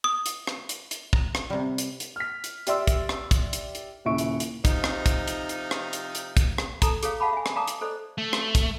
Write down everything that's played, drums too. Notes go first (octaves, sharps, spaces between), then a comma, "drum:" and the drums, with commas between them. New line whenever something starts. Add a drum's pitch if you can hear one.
D#6
drum: hi-hat
drum: rim click
drum: hi-hat
drum: hi-hat
A#5, drum: kick
drum: rim click
C3 G3
drum: hi-hat
drum: hi-hat
F6 B6
drum: hi-hat
G4 D5 E5 C6 E6, drum: hi-hat
drum: kick, hi-hat
drum: rim click
drum: kick, hi-hat
drum: hi-hat
drum: hi-hat
D#1 C#3 E4 E5 C#6 D7
drum: hi-hat
drum: hi-hat
C3 F3 D#4, drum: kick, hi-hat
drum: rim click
drum: kick, hi-hat
drum: hi-hat
drum: hi-hat
drum: rim click
drum: hi-hat
drum: hi-hat
drum: kick, hi-hat
drum: rim click
A4 A5 A#5, drum: kick, hi-hat
G#4 A4 C#5 F5, drum: hi-hat
D#5 F5 F#5 A5 B5 D6
E5 G#5
drum: rim click
D5 F5 A5 A#5 D6 D#6
drum: hi-hat
A4 C5 D5 D#5
A3
drum: rim click
drum: kick, hi-hat